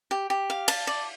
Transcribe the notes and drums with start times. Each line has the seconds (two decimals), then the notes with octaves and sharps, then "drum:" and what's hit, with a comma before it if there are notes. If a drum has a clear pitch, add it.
0.11 G4
0.30 G4
0.50 F5
0.68 A5, drum: cymbal
0.87 D5